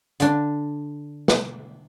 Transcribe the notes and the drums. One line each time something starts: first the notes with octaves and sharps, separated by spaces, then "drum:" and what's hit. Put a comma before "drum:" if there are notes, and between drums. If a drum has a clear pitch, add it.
D3 D4, drum: hi-hat
drum: snare